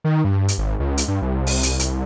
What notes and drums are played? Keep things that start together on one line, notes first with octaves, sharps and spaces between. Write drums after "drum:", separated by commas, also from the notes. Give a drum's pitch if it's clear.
D#3
G2
drum: hi-hat
G#1
C#2
drum: hi-hat
G2
C2
drum: open hi-hat
drum: hi-hat
C2, drum: hi-hat